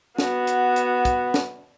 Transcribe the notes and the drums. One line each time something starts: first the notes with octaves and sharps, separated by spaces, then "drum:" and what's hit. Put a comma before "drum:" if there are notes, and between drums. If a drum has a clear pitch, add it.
B3 F#4, drum: snare
drum: hi-hat
drum: hi-hat
drum: kick, hi-hat
drum: snare